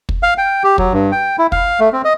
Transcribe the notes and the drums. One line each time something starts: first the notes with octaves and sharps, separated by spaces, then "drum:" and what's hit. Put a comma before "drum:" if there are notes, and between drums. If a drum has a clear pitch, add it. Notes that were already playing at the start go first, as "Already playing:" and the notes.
drum: kick
F5
G5
G4
F#3, drum: kick
G2
G5
E4
F5, drum: kick
A3
C4
D#5